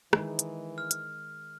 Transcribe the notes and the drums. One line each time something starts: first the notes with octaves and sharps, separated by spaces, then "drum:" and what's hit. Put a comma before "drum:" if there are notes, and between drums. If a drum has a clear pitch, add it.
D#3 E3 G#3 D#4, drum: rim click
drum: hi-hat
F6
drum: hi-hat